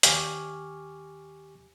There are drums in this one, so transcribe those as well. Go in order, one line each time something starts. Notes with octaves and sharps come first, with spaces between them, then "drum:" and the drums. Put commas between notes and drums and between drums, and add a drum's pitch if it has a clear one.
D#2 G4 G#5 C#6 D6 F6, drum: hi-hat